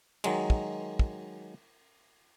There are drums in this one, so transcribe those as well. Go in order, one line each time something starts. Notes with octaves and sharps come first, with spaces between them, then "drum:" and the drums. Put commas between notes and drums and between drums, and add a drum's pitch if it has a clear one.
D#3 F#3 G#3, drum: cymbal
drum: kick
drum: kick